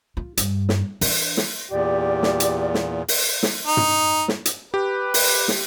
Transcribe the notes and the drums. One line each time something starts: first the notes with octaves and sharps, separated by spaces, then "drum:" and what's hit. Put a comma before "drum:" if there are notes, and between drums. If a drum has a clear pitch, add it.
F4
G2, drum: hi-hat
drum: snare
E3 D4, drum: open hi-hat
drum: snare
E2 A#2 G4 D5
drum: snare
drum: hi-hat
drum: snare
drum: open hi-hat
drum: snare
D#4
drum: tom
drum: snare
drum: hi-hat
G4 B4
drum: open hi-hat
drum: snare